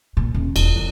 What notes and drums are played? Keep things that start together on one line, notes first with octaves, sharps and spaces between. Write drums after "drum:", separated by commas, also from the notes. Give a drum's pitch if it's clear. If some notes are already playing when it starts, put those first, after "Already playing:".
A#2
D#1
E1, drum: cymbal
F2